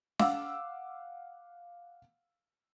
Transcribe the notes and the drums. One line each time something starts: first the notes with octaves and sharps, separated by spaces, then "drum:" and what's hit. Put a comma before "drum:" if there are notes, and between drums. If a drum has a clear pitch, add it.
F5 F#5 D6 E6, drum: snare